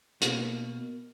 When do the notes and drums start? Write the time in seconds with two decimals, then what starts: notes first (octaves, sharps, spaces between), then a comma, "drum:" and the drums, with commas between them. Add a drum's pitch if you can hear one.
0.22 B2 A#3, drum: hi-hat